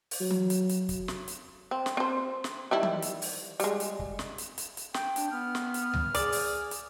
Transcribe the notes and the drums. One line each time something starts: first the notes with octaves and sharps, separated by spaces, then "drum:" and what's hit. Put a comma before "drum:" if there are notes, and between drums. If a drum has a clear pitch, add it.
drum: open hi-hat
F#3
drum: tom E3
drum: hi-hat
drum: hi-hat
drum: kick, hi-hat
drum: snare
drum: hi-hat
C4
drum: snare
C4 C5
drum: snare
D#3 G3 E4
drum: tom E3
drum: hi-hat
drum: open hi-hat
G3 G#3, drum: hi-hat
drum: hi-hat
drum: kick
drum: snare
drum: hi-hat
drum: hi-hat
drum: hi-hat
G5, drum: snare
D4, drum: hi-hat
B3 F6
drum: snare
drum: hi-hat
drum: tom C#2
G#4 D5, drum: hi-hat
drum: open hi-hat
drum: hi-hat